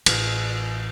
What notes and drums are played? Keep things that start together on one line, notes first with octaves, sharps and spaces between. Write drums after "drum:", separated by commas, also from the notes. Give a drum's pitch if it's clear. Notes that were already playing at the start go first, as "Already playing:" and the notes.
A1, drum: cymbal